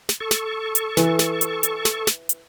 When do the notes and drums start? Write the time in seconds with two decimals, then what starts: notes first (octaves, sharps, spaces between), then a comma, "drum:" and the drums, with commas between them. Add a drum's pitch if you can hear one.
0.09 drum: snare
0.20 A4 C#6
0.31 drum: snare
0.75 drum: hi-hat
0.97 E3, drum: snare
1.19 drum: snare
1.41 drum: hi-hat
1.63 drum: hi-hat
1.85 drum: snare
2.07 drum: snare
2.29 drum: hi-hat